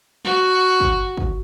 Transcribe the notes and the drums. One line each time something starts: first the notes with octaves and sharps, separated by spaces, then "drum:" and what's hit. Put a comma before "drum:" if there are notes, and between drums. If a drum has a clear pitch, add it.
F#4, drum: snare
drum: kick
drum: kick